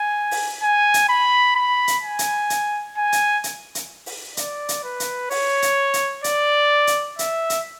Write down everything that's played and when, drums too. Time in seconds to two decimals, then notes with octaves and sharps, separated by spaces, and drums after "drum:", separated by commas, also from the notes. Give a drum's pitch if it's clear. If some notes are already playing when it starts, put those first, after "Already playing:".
Already playing: G#5
0.31 drum: open hi-hat
0.63 G#5
0.94 drum: hi-hat
1.09 B5
1.56 B5
1.87 drum: hi-hat
2.03 G#5
2.19 drum: hi-hat
2.50 drum: hi-hat
2.97 G#5
3.12 drum: hi-hat
3.44 drum: hi-hat
3.75 drum: hi-hat
4.06 drum: open hi-hat
4.37 D5, drum: hi-hat
4.69 drum: hi-hat
4.84 B4
5.00 drum: hi-hat
5.31 C#5, drum: open hi-hat
5.62 drum: hi-hat
5.94 drum: hi-hat
6.24 D5, drum: hi-hat
6.87 drum: hi-hat
7.19 E5, drum: hi-hat
7.50 drum: hi-hat